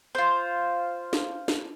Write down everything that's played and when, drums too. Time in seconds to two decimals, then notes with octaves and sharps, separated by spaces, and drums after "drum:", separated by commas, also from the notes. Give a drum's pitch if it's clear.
0.15 F4 C5
1.13 drum: snare
1.48 drum: snare